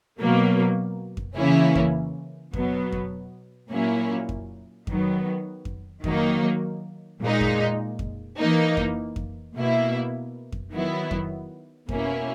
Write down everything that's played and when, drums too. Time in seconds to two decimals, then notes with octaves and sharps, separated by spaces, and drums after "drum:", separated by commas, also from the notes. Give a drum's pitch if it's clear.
0.19 B2 F#3 A#3
1.17 drum: kick F2
1.36 C#3 E3 A#3 C#4 E4
1.75 drum: kick F2
2.53 B2 F#3 B3, drum: kick F2
2.92 drum: kick F2
3.70 A#2 F#3 A#3 C#4 E4
4.29 drum: kick F2
4.87 D#3 F#3 B3, drum: kick F2
5.65 drum: kick F2
6.04 D#3 F#3 A#3 D#4, drum: kick F2
7.21 A#2 G#3 D#4
7.41 drum: kick F2
7.99 drum: kick F2
8.38 E3 A#3 D#4
8.77 drum: kick F2
9.16 drum: kick F2
9.55 B2 A#3 E4
10.52 drum: kick F2
10.72 D#3 F#3 B3 E4
11.11 drum: kick F2
11.89 B2 A#3 C#4 E4, drum: kick F2